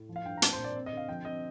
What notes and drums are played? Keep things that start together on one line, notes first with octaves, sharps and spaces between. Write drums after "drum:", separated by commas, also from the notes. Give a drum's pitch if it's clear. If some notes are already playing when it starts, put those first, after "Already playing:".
Already playing: A2
F3
F5
G2 G5
A#5
C4 A5, drum: hi-hat
C5
A#2
D5
C4
D#5
D3
F5
F3 G5
C4 D#5